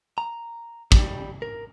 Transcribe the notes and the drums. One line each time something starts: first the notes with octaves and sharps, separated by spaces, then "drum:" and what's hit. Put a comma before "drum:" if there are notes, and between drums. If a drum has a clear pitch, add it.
A#5
G3, drum: kick
A#4